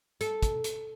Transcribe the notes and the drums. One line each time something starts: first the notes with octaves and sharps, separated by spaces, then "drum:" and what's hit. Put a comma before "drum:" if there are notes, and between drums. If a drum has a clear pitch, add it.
A4, drum: hi-hat
drum: kick, hi-hat
drum: hi-hat